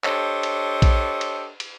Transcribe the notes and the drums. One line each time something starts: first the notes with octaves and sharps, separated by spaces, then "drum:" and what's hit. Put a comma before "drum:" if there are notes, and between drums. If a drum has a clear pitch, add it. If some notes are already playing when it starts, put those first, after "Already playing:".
D4 G4 A4 C5 C#5 D#5, drum: clap
drum: cymbal
drum: kick A#1, cymbal
drum: cymbal
drum: cymbal